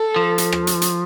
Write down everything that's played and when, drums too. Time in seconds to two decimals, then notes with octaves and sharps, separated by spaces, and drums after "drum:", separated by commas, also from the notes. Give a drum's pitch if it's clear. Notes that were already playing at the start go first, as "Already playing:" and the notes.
Already playing: A4
0.16 F3
0.38 drum: hi-hat
0.52 drum: rim click
0.67 drum: hi-hat
0.82 drum: hi-hat